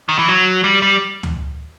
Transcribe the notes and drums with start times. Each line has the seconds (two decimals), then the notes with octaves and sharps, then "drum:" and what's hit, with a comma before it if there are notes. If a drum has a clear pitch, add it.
0.09 D#3
0.19 E3
0.28 F#3
0.64 G3
0.82 G3
1.23 drum: tom D2